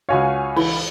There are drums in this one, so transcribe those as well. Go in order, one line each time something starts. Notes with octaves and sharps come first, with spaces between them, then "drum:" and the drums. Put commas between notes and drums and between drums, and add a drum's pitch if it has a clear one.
C#2 F#4 C#5 F5 G#5 C#6
E3 B5, drum: cymbal